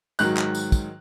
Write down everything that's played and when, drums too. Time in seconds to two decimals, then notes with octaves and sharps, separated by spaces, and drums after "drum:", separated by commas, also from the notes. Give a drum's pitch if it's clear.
0.19 G#2 D#3 F#3 F#6, drum: tambourine
0.37 drum: clap
0.55 drum: tambourine
0.72 drum: kick, tambourine